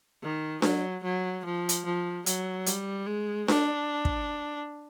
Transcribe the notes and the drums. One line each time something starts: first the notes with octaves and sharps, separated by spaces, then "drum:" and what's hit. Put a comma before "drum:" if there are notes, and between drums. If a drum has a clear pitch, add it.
D#3
F#3, drum: snare D4
F#3
F3
drum: hi-hat
F3
F#3, drum: hi-hat
G3, drum: hi-hat
G#3
D4, drum: snare D4
drum: kick